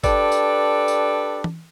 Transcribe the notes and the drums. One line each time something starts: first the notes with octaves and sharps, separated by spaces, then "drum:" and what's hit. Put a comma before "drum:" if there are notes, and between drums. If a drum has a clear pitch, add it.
D4 G4 A4 B4 D5, drum: kick G1, tambourine
drum: tambourine
drum: tambourine
drum: tom E3